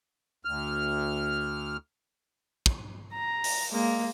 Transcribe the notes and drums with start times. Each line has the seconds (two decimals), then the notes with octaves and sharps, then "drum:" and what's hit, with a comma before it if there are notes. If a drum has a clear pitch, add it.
0.45 D2 F6
2.66 drum: kick
3.13 A#5
3.44 drum: open hi-hat
3.72 G#3 A#3